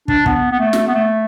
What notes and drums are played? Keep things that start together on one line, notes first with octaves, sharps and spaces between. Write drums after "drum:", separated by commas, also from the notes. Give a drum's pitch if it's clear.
D4, drum: kick
B3, drum: kick
B3
A3
drum: snare
B3
A3